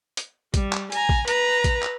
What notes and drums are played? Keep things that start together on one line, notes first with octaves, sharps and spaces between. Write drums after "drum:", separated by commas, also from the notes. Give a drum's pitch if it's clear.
drum: hi-hat
G3, drum: kick, hi-hat
drum: clap
G#5 A#5, drum: hi-hat
drum: kick
B4 A#5, drum: hi-hat
drum: kick, hi-hat
drum: clap